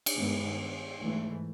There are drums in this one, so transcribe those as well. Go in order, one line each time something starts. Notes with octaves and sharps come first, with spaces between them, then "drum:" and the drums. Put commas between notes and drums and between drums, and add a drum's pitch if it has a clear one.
drum: cymbal
G2 D#3 G#3 B3
G#2 E3 A3